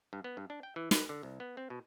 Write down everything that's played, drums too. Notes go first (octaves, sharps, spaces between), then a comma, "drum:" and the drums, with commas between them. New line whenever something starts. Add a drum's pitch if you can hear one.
G2
B3
G2
D4
G5
E3
B4, drum: snare
D3
C2
B3
C4
B2